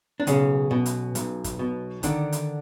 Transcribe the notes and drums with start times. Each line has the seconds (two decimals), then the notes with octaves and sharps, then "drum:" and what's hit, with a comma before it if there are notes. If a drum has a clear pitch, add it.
0.20 D4
0.27 B1 C#3 C#4, drum: hi-hat
0.71 B2
0.86 drum: hi-hat
1.15 B1, drum: hi-hat
1.44 drum: kick, hi-hat
1.59 B2
2.03 D3 D#3 D4, drum: kick, hi-hat
2.32 drum: hi-hat